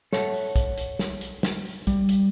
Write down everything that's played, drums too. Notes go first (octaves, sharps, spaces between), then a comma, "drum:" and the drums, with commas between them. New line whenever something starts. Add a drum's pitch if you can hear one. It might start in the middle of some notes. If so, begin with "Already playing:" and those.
A4 C#5 E5 F#5 A5, drum: snare
drum: open hi-hat
drum: kick, hi-hat
drum: hi-hat
drum: snare
drum: hi-hat
drum: snare
drum: open hi-hat
G3, drum: kick, hi-hat
drum: hi-hat